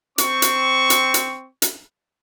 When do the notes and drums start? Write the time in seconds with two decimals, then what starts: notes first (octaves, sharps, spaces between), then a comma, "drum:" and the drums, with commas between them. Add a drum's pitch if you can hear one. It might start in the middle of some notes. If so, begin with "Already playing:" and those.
0.18 C4 C#6, drum: hi-hat
0.42 drum: hi-hat
0.90 drum: hi-hat
1.14 drum: hi-hat
1.62 drum: hi-hat